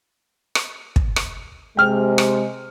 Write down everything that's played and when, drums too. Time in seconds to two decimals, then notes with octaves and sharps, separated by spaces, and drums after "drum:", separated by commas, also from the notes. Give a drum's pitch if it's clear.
0.55 drum: rim click
0.96 drum: kick
1.16 drum: rim click
1.77 C3 G#3 G5 F6
2.18 drum: rim click